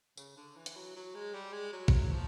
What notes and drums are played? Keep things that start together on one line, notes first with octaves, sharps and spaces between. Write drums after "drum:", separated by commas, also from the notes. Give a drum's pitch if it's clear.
C#3, drum: tambourine
D3
E3
drum: hi-hat
F#3
F#3
G#3
G3
G#3
F#3
drum: kick
F3